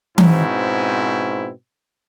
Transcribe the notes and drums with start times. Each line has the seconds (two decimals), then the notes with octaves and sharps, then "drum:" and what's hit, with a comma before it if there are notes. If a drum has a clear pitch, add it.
0.18 G#2 B2 C4 C#4 E4, drum: tom E3